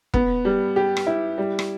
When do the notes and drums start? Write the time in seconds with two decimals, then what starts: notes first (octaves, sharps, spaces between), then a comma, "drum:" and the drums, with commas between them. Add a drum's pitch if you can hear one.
0.14 B3, drum: kick
0.45 G3
0.76 G4
0.97 drum: rim click
1.07 E4
1.38 G3
1.59 drum: rim click